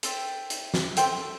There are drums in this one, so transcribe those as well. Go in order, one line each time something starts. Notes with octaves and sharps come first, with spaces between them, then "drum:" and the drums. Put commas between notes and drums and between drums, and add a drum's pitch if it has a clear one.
A4 C5 E5 G5, drum: hi-hat
drum: hi-hat
drum: snare
A4 C5 E5 G5, drum: hi-hat